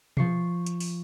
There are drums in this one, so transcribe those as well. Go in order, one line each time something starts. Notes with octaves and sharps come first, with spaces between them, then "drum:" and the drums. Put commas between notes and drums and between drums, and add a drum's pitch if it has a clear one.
F3 C#6 C7, drum: tom
drum: hi-hat
drum: open hi-hat